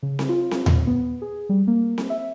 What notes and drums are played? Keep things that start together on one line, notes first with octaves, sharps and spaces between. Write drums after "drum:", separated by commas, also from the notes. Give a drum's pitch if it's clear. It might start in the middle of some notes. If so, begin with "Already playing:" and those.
C#3
drum: snare C4
F4
drum: snare C4
A#2, drum: tom D#2
B3
G#4
G3
A#3
drum: snare C4
E5